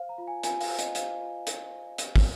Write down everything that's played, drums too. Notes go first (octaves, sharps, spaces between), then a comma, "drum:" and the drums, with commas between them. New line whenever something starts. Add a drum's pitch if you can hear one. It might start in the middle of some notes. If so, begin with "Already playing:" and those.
Already playing: C5 F5
A#5
F4
G#5
F4 G#5, drum: hi-hat
F5, drum: open hi-hat
C5
D#5, drum: hi-hat
C5 F5, drum: hi-hat
F4
F4, drum: hi-hat
C5
drum: hi-hat
drum: kick, open hi-hat